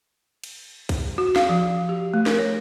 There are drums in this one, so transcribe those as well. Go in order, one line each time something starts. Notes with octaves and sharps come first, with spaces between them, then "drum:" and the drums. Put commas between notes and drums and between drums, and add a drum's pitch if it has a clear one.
drum: cymbal
drum: kick, cymbal
F#4
F5, drum: snare
F3
G4
A3
A#4, drum: snare
C#5